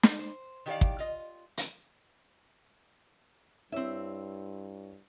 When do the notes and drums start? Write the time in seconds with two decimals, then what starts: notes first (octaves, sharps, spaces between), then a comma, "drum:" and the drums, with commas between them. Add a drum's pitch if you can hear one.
0.03 drum: snare
0.19 C5
0.66 D#3 E3 G4 A#4 D5 F5
0.81 drum: kick
0.99 F4 D#5
1.57 drum: hi-hat
3.72 G2 C4 E4 C#5 E5